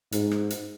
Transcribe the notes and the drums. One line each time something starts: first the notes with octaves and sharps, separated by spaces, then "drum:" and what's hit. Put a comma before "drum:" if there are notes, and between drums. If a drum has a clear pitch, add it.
G#2, drum: hi-hat
drum: rim click
drum: hi-hat